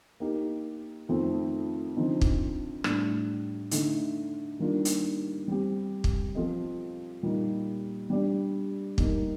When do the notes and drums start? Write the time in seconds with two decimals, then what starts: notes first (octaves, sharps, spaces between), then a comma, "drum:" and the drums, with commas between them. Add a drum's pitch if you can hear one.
0.20 A#3 D#4 G4 A#4
1.09 F2 D#3 A3 C4
1.96 D3 F3 C4 D#4
2.21 drum: kick
2.84 A2 G3 D4, drum: rim click
3.71 D3 A3 D#4, drum: hi-hat
4.59 D#3 G3 A#3 D4 F4
4.85 drum: hi-hat
5.48 G3 C4 G4
6.04 drum: kick
6.35 F3 C4 F4 A4 D#5
7.23 A#2 G3 A#3 D#4 A#4
8.10 G3 D4 G4 D5
8.98 G3 A#3 D#4 A#4, drum: kick